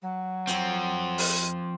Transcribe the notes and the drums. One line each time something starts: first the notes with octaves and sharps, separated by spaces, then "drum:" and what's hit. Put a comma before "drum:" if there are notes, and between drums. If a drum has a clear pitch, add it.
F#3
F3 C4, drum: hi-hat
drum: open hi-hat